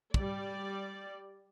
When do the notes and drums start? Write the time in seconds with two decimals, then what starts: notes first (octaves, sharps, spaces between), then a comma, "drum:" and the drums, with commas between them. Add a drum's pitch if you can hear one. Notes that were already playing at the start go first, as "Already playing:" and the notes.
0.14 G3 D5, drum: kick